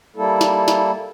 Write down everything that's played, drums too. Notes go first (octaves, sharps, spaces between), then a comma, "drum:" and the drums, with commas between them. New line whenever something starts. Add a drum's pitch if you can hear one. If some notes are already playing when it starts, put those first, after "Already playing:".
G3 A#3 E4 A4
drum: snare
drum: snare